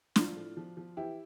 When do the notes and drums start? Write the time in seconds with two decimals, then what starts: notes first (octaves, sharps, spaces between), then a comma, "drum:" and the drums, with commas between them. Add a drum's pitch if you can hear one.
0.16 F3 D4 F4, drum: snare
0.36 A2
0.57 F3
0.77 F3
0.97 E3 E4 G4